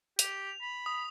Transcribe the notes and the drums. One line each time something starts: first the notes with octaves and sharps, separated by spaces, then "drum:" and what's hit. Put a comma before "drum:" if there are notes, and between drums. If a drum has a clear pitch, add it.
G4 F7, drum: hi-hat
B5
D#6